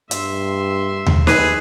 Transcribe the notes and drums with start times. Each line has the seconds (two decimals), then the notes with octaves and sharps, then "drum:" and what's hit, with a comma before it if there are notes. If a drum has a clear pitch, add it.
0.11 G2 E5 C6, drum: hi-hat
1.06 drum: tom D#2
1.27 D#2 G#4 B4, drum: snare